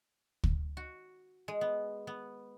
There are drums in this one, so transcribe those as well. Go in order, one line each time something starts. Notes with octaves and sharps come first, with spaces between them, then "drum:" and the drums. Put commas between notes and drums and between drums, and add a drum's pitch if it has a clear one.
drum: kick
F#4
G#3
B3
B3